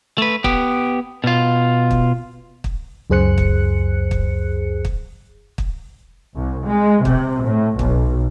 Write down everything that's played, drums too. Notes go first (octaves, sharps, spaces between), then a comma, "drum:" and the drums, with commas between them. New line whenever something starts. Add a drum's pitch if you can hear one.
A3 B4
B3 G4, drum: kick
B2 F4
drum: kick
drum: kick
C#2 F#2 G#4 C5 F#6 C#7
drum: kick
drum: kick
drum: kick
drum: kick
C2
G#3
C3, drum: kick
A2
B1, drum: kick